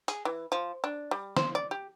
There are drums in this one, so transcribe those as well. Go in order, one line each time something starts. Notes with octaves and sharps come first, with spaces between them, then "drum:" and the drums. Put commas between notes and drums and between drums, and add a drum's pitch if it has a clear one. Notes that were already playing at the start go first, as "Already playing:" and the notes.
G#4, drum: hi-hat
E3
F3
D4
G3
C5, drum: snare
D5
G4